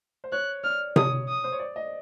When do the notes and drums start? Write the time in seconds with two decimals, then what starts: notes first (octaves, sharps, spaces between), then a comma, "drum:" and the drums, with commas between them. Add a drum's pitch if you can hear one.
0.24 C5
0.32 C#5 F#6
0.64 D5 F6
0.96 C#5 D#6, drum: tom C3
1.29 D#6
1.44 C5
1.52 C#5
1.59 D5
1.76 D#5